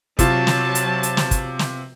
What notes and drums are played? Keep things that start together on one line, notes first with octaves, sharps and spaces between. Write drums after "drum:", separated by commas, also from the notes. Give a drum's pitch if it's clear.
C3 F#3 F4 A5, drum: kick, hi-hat
drum: snare
drum: hi-hat
drum: hi-hat
drum: snare
drum: kick, hi-hat
drum: snare